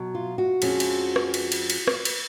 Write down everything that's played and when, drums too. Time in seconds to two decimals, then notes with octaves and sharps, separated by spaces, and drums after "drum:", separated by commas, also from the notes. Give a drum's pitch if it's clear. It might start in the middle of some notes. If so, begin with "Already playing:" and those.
Already playing: B2 F#3
0.15 F4
0.38 F#4
0.62 F2 F3 G#3 C#4, drum: cymbal
0.80 drum: cymbal
1.16 drum: rim click
1.34 drum: cymbal
1.52 drum: cymbal
1.70 drum: cymbal
1.88 drum: rim click
2.05 drum: cymbal